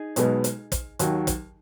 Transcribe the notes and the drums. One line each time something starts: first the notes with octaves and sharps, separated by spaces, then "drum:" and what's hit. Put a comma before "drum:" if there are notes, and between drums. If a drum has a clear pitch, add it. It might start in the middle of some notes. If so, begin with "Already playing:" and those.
Already playing: D#4 G#4
B1 B2 G#3 B3, drum: hi-hat
drum: hi-hat
drum: kick, hi-hat
D#2 D#3 F#3, drum: hi-hat
drum: kick, hi-hat